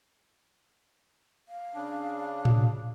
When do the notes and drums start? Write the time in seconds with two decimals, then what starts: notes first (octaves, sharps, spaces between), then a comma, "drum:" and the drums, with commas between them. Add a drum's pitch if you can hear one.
1.49 F5
1.75 C#3 D4
2.45 drum: tom A2